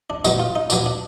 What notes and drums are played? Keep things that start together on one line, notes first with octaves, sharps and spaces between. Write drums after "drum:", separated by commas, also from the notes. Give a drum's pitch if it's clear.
D4
A#2 F#3 B3 D#4, drum: tambourine
F4
D#4
A#2 F#3 B3 D4, drum: tambourine
D4